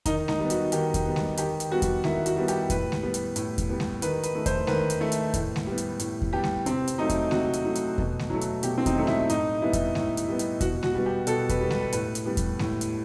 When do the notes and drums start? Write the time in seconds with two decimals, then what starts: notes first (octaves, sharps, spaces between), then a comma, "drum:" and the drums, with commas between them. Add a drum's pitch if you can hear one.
0.06 D#3 D#4, drum: kick E2, hi-hat
0.28 D#4, drum: snare G#3
0.39 G3 B3
0.50 F#4, drum: hi-hat
0.72 D#3 G4, drum: hi-hat
0.94 drum: kick E2, hi-hat
1.06 G3 B3
1.16 drum: snare G#3
1.37 D#3 G4, drum: hi-hat
1.60 drum: hi-hat
1.71 G3 B3 F#4
1.82 drum: kick E2, hi-hat
2.04 D#3 E4, drum: snare G#3
2.26 F#4, drum: hi-hat
2.36 G3 B3
2.48 G4, drum: hi-hat
2.70 A2 B4, drum: kick E2, hi-hat
2.92 drum: snare G#3
3.03 G3 B3
3.14 drum: hi-hat
3.36 A2, drum: hi-hat
3.58 drum: kick E2, hi-hat
3.69 G3 B3
3.80 drum: snare G#3
4.02 D#3 B4, drum: hi-hat
4.23 B4, drum: hi-hat
4.35 A3
4.46 C5, drum: kick E2, hi-hat
4.67 D#3 B4, drum: snare G#3
4.90 drum: hi-hat
5.01 A3
5.12 drum: hi-hat
5.34 A2, drum: kick E2, hi-hat
5.56 drum: snare G#3
5.66 G3 B3
5.78 drum: hi-hat
6.00 A2, drum: hi-hat
6.22 drum: kick E2
6.33 G3 B3 G4
6.44 drum: snare G#3
6.66 C3 C4, drum: hi-hat
6.88 drum: hi-hat
6.98 F#3 A3 D#4
7.09 drum: kick E2, hi-hat
7.31 C3 F#4, drum: snare G#3
7.53 drum: hi-hat
7.65 F#3 A3
7.75 drum: hi-hat
7.98 B2, drum: kick E2
8.19 drum: snare G#3
8.30 F#3 A3
8.41 drum: hi-hat
8.63 B2 G4, drum: hi-hat
8.78 C4
8.86 D#4, drum: kick E2, hi-hat
8.96 F#3 A3
9.07 E4, drum: snare G#3
9.30 A2 D#4, drum: hi-hat
9.62 G3 B3 E4
9.73 drum: kick E2, hi-hat
9.95 A2, drum: snare G#3
10.17 drum: hi-hat
10.28 G3 B3
10.39 drum: hi-hat
10.61 B2 F#4, drum: kick E2, hi-hat
10.83 F#4, drum: snare G#3
10.94 G3 B3
11.06 G4
11.27 B2 A4, drum: hi-hat
11.49 B4, drum: kick E2, hi-hat
11.60 G3 B3
11.70 B4, drum: snare G#3
11.93 A2 B4, drum: hi-hat
12.15 drum: hi-hat
12.26 G3 B3
12.37 drum: kick E2, hi-hat
12.59 A2, drum: snare G#3
12.81 drum: hi-hat